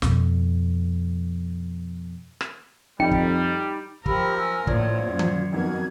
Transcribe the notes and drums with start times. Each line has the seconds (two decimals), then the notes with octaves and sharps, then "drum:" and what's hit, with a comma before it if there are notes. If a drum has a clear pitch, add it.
0.02 F2 B2, drum: snare
2.41 drum: rim click
3.00 F2 G3 D#4 G5
3.11 drum: kick
4.06 F3 G4 A#4 B5 E6, drum: kick
4.37 G#5 E6 F6
4.67 A#1 A2 F4 C5 G#6, drum: kick
5.08 F#2
5.19 drum: tom D#3
5.53 F2 D#3 B3 F#4 A#4 G#6